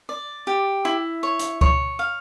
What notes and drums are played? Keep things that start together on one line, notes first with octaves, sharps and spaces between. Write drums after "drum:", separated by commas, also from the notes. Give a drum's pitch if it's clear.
D5
G4
E4
C#5
drum: hi-hat
C#5, drum: kick C#2
F5